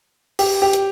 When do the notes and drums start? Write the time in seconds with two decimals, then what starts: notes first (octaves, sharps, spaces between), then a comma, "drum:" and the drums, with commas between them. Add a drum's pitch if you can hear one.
0.39 G4, drum: open hi-hat
0.62 G4
0.73 drum: hi-hat